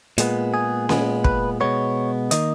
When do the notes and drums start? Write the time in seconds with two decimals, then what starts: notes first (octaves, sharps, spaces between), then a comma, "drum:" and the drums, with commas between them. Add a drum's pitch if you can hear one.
0.18 A#2 G#3 B3, drum: hi-hat
0.54 G#4
0.89 A#2 G#3 B3, drum: snare C#4
1.24 B4, drum: kick
1.61 B2 G#3 B3 C#5
2.31 D#3 A#3 D#5, drum: hi-hat